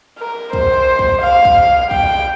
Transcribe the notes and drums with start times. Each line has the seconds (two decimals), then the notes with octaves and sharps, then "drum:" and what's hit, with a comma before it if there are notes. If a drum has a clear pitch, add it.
0.19 A#4
0.53 C5, drum: kick
0.99 drum: kick
1.22 F5
1.45 drum: kick
1.91 G5, drum: kick